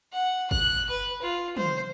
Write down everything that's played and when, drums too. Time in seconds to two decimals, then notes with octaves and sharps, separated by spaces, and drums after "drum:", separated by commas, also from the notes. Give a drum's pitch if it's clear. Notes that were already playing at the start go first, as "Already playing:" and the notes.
0.13 F#5
0.51 F#6, drum: kick
0.90 B4
1.22 F4
1.57 C5, drum: tom